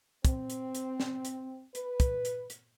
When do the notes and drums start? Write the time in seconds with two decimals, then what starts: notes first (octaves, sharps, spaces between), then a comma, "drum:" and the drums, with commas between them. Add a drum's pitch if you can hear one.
0.25 C4, drum: kick, hi-hat
0.50 drum: hi-hat
0.75 drum: hi-hat
1.00 drum: snare
1.25 drum: hi-hat
1.75 B4, drum: hi-hat
2.00 drum: kick, hi-hat
2.25 drum: hi-hat
2.50 drum: hi-hat